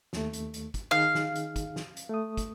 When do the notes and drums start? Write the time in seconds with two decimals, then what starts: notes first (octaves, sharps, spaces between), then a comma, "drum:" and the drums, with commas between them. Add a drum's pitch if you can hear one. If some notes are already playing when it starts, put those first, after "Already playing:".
0.13 D#2 A3, drum: snare
0.33 drum: hi-hat
0.54 drum: hi-hat
0.74 drum: kick, hi-hat
0.91 D#3 D#4 G#4 F5
1.15 drum: snare
1.35 drum: hi-hat
1.56 drum: kick, hi-hat
1.76 drum: snare
1.97 drum: hi-hat
2.10 A3 D#6
2.37 drum: kick, hi-hat